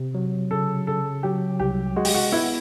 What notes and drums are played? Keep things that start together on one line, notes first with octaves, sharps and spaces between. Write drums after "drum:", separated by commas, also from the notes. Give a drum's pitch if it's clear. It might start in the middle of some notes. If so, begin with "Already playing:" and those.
Already playing: C3
F#3
C#3 A4
C#3 A4
F#3 G4
C2 G4
G#3 F#4
G4, drum: open hi-hat
F#4
B3 E4